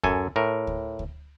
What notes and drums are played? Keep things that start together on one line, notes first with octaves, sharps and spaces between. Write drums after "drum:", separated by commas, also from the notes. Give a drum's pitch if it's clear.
F#2 A4 G#5, drum: kick D2
A2 A#4
drum: kick D2
drum: kick D2